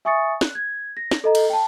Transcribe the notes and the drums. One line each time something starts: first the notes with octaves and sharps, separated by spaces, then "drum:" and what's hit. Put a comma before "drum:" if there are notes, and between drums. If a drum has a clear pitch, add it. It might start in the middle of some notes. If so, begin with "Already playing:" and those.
E5 G#5 C#6 D#6 A6 C#7
F#6, drum: snare
G#6
A#6
drum: snare
A4 D#5 A#5
drum: cymbal
G5 A5